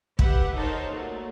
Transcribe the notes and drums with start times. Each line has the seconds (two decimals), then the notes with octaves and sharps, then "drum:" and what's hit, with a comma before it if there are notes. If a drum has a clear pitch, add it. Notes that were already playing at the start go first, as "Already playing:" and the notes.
0.19 G4 B4 E5 F#5, drum: kick
0.54 D#4 A4 A#4 C5 C#5
0.91 A#2 F#3 A3